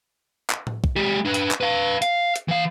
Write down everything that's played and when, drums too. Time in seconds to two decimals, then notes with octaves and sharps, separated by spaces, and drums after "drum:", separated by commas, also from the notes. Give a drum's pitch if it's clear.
0.50 drum: clap
0.67 drum: tom A2
0.84 drum: kick
0.96 G#3 G4
1.25 D4 B4
1.34 drum: hi-hat
1.51 drum: clap
1.61 B4 F5
2.02 F5, drum: hi-hat
2.36 drum: hi-hat
2.48 E3 F5